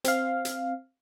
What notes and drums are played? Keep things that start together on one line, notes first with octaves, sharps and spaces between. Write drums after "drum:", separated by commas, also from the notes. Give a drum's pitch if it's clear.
C4 F5, drum: hi-hat
drum: hi-hat